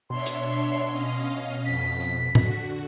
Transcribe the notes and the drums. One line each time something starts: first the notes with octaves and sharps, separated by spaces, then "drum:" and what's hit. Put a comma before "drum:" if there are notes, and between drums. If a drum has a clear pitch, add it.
B2 D4 C#5 E5 C6
drum: hi-hat
C#4 D#5 F5
F2 B6
drum: tambourine
D3 F#4, drum: tom A2